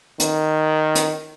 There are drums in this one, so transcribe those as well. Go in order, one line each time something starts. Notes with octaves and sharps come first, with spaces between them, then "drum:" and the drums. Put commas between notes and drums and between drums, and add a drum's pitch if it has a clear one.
D#3, drum: hi-hat
drum: hi-hat